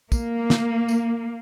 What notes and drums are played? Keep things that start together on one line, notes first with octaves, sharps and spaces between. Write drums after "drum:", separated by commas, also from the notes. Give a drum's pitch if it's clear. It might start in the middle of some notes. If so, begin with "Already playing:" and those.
A#3, drum: kick, tambourine
drum: snare
drum: tambourine